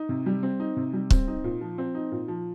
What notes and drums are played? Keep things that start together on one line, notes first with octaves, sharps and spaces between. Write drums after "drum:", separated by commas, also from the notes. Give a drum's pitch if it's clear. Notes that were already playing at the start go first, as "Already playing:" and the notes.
Already playing: D#4
C3
G3
C4
D#4
C3
G3
C4, drum: kick C#1
D#4
A#2
F3
C4
D#4
A#2
F3